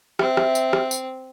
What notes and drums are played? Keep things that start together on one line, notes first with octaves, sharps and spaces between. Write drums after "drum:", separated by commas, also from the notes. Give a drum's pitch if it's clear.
C4 E5, drum: rim click
drum: rim click
drum: tambourine
drum: rim click
drum: tambourine